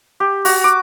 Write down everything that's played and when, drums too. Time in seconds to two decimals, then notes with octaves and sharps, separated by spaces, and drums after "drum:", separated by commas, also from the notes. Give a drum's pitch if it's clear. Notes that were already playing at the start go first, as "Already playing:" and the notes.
0.20 G4
0.45 F#4, drum: open hi-hat
0.64 D6